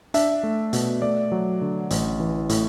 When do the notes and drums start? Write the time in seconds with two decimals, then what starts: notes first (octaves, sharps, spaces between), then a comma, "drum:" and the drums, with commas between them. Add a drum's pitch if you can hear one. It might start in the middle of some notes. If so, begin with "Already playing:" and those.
0.14 D4 E5, drum: hi-hat
0.43 A3
0.73 B2, drum: hi-hat
1.02 A3 D5
1.32 F#3
1.62 D3
1.90 A1, drum: hi-hat
2.20 E3
2.49 A2, drum: hi-hat